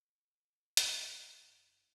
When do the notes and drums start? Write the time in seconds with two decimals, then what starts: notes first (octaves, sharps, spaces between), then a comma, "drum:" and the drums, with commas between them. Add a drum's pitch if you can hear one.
0.77 drum: hi-hat
1.05 E2 G2
1.42 G1